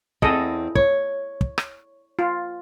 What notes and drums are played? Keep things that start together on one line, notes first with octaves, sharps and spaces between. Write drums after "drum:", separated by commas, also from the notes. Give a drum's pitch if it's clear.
E2 C4 G#4 A4 D#5, drum: kick
C#5, drum: kick
drum: kick
drum: rim click
F4